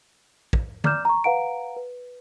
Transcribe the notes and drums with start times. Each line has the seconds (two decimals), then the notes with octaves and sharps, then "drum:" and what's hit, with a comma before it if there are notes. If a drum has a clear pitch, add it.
0.53 drum: kick
0.84 D5 A#5 D6 F6 G6 E7, drum: tom
1.05 A#5 C#6
1.24 B4 F5 F#5 A#5 D7
1.76 B4